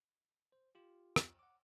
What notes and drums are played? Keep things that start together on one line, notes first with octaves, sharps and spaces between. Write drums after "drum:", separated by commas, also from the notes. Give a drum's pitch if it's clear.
C5
F4 G4
drum: rim click
F#5 D6